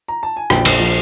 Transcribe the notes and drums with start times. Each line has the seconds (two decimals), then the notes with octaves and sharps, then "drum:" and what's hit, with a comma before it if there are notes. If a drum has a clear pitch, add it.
0.08 A#5
0.23 A5
0.37 G#5
0.50 A#1 G5, drum: rim click
0.65 A#1, drum: cymbal
0.80 F3